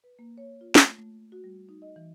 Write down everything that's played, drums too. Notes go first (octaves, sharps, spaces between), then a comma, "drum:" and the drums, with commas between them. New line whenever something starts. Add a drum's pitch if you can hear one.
B4
A#3
C#5
F4
A3, drum: snare
A3
F#4
G3
D#4
D#5
E3